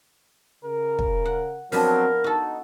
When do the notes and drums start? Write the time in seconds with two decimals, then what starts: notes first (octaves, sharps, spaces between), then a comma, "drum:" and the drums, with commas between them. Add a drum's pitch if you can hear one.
0.65 C#3 A#4
0.99 drum: kick
1.25 F#5
1.72 F3 F#3 B3 C4 D4 A#4, drum: open hi-hat
2.24 D#4 F#4 A4